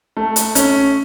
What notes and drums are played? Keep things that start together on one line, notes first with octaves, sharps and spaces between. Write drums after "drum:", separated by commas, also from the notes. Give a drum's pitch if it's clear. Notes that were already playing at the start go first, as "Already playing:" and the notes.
A3
drum: hi-hat
C#4, drum: hi-hat